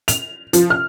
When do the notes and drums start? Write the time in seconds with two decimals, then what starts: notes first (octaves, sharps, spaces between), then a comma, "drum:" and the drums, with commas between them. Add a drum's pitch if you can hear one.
0.08 F7, drum: hi-hat
0.53 F3, drum: hi-hat
0.70 F6